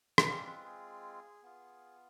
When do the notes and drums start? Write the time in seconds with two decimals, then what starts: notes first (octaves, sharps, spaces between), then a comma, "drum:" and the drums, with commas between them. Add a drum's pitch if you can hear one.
0.18 D#5, drum: rim click
0.27 G#3 C4 F4 D5
0.47 B4
0.65 G#4
1.43 B3 F4